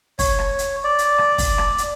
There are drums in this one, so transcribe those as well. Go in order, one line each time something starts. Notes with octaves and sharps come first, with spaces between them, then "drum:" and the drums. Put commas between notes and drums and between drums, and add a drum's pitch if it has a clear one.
C#5, drum: kick, open hi-hat
drum: rim click
drum: hi-hat
D5
drum: hi-hat
drum: rim click
drum: kick, open hi-hat
drum: rim click
drum: hi-hat